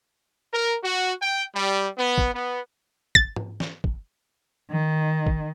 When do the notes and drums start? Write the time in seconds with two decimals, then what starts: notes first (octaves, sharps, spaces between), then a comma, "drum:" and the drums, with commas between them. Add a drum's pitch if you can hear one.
0.51 A#4
0.83 F#4
1.21 G5
1.54 G3
1.98 B3
2.18 drum: kick
2.34 B3
3.15 A6, drum: kick
3.36 drum: tom G#2
3.60 drum: snare
3.84 drum: kick
4.71 D#3
5.27 drum: kick